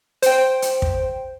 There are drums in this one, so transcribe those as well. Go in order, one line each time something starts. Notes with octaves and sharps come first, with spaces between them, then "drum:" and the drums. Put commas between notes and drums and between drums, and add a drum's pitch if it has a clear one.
C5 G5, drum: hi-hat
drum: hi-hat
drum: kick